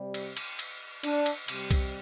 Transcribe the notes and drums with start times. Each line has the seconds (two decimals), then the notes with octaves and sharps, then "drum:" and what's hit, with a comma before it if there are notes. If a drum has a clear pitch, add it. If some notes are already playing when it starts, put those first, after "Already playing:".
Already playing: C3 G3
0.14 drum: cymbal
0.37 drum: cymbal
0.59 drum: cymbal
1.03 D4, drum: cymbal
1.26 drum: cymbal
1.48 C3 G3, drum: cymbal
1.71 drum: kick B1, cymbal